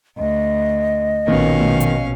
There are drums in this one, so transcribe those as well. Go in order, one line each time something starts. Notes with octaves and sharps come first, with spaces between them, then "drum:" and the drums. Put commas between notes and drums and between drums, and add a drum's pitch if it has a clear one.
D2 D#5
A#1 B2 D#3 C#4 F5, drum: tom A3
drum: tom A3
drum: hi-hat